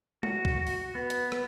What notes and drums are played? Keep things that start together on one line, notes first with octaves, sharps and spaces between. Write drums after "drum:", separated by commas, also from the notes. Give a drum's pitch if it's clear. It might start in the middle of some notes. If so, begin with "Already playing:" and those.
F#4, drum: tom G#3
drum: kick C2
drum: open hi-hat
B3
drum: hi-hat
drum: rim click